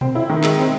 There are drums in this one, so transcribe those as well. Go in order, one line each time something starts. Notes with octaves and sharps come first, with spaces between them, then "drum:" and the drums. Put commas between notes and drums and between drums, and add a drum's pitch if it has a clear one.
C4, drum: tom A#2
E4
D#3
G#3, drum: clap
C4